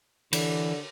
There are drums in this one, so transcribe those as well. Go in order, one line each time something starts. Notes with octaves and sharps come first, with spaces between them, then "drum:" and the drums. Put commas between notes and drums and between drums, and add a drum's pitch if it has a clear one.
D3 E3, drum: cymbal